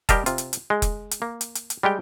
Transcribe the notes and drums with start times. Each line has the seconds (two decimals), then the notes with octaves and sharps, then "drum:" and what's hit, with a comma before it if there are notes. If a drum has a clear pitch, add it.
0.09 G3 G4 A#4 D#5 F5 A5, drum: kick F1, hi-hat
0.26 C3 F4, drum: hi-hat
0.38 drum: hi-hat
0.53 drum: hi-hat
0.70 G#3
0.82 drum: kick F1, hi-hat
1.11 drum: hi-hat
1.22 A#3
1.41 drum: hi-hat
1.55 drum: hi-hat
1.70 drum: hi-hat
1.83 G3 G#3 G4 G5